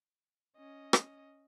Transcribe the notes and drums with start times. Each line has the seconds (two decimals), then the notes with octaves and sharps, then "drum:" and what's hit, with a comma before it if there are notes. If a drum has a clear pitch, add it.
0.57 C#4 D#5
0.93 drum: rim click